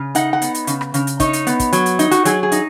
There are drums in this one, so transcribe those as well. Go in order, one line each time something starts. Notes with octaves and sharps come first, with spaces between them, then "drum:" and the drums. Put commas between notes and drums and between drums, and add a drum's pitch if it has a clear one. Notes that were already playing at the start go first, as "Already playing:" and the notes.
Already playing: C#3
D#4 F#5, drum: hi-hat
F#5
B3, drum: hi-hat
drum: hi-hat
C#3, drum: hi-hat
drum: rim click
C#3, drum: hi-hat
drum: hi-hat
D#4 C#5, drum: kick, hi-hat
drum: hi-hat
B3, drum: hi-hat
drum: kick, hi-hat
F#3, drum: hi-hat
drum: hi-hat
D#4, drum: hi-hat
F#4, drum: hi-hat
F#3 G#4, drum: hi-hat
G#4
D#4, drum: hi-hat